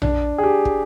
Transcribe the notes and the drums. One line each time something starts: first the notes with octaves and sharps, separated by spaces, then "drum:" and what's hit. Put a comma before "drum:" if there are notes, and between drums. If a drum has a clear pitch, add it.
D4, drum: tom A#1
G#4
G4
drum: kick